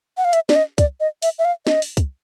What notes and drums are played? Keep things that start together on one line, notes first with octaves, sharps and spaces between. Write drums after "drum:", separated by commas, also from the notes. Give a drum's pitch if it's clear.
F#5
F5
E5, drum: hi-hat
D5, drum: snare
D#5
D5, drum: kick, hi-hat
D#5
E5, drum: open hi-hat
E5
F5
D#5, drum: snare
drum: open hi-hat
drum: kick, hi-hat